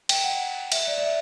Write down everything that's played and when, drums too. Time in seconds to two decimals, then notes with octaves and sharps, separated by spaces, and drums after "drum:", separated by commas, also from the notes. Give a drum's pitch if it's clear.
0.09 G5, drum: cymbal
0.24 F#5
0.72 E5, drum: cymbal
0.87 D5
0.98 D5
1.03 E5